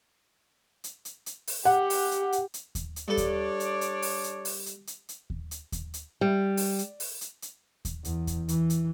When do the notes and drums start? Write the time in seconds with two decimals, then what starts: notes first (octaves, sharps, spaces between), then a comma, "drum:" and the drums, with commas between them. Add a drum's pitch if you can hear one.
0.84 drum: hi-hat
1.05 drum: hi-hat
1.26 drum: hi-hat
1.47 drum: open hi-hat
1.65 G4 F#5
1.90 drum: open hi-hat
2.11 drum: hi-hat
2.32 drum: hi-hat
2.54 drum: hi-hat
2.75 drum: kick D#2, hi-hat
2.96 drum: hi-hat
3.08 G2 D4 A4 C#5 D5
3.17 drum: kick D#2, hi-hat
3.60 drum: hi-hat
3.81 drum: hi-hat
4.02 drum: open hi-hat
4.24 drum: hi-hat
4.45 drum: open hi-hat
4.66 drum: hi-hat
4.87 drum: hi-hat
5.09 drum: hi-hat
5.30 drum: kick D#2
5.51 drum: hi-hat
5.72 drum: kick D#2, hi-hat
5.94 drum: hi-hat
6.21 G3
6.57 drum: open hi-hat
6.79 drum: hi-hat
7.00 drum: open hi-hat
7.21 drum: hi-hat
7.42 drum: hi-hat
7.85 drum: kick D#2, hi-hat
8.05 E2, drum: hi-hat
8.27 drum: kick D#2, hi-hat
8.48 E3, drum: hi-hat
8.70 drum: hi-hat